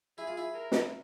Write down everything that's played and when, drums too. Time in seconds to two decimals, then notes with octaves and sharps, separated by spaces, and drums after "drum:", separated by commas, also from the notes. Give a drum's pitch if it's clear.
0.18 E4 G#4
0.27 F4
0.37 E4
0.54 A#4
0.72 drum: snare